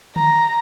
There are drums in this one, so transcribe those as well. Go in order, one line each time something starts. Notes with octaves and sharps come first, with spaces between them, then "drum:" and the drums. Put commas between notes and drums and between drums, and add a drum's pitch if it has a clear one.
A#5, drum: tom D3